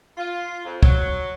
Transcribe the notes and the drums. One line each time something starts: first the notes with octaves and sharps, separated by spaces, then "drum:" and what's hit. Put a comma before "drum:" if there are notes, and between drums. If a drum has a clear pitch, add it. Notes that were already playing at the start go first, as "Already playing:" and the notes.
F4
F2
F#3, drum: kick